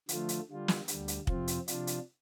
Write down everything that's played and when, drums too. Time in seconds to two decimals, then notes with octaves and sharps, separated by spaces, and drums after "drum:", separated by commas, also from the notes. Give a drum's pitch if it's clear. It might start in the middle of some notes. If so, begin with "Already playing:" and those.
0.09 D3 F3 A3 F4, drum: hi-hat
0.29 drum: hi-hat
0.49 D3 G3 F4
0.68 drum: snare
0.88 D2 D3 G3, drum: hi-hat
1.08 drum: hi-hat
1.27 F2 C3 F3 C4 F4, drum: kick
1.48 drum: hi-hat
1.68 C3 F3 D4 F4, drum: hi-hat
1.87 drum: hi-hat